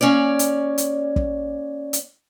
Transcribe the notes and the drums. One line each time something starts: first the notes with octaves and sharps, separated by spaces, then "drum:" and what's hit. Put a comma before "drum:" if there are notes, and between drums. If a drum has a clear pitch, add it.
A#3 C#4 C#5 D5
drum: hi-hat
drum: hi-hat
drum: kick
drum: hi-hat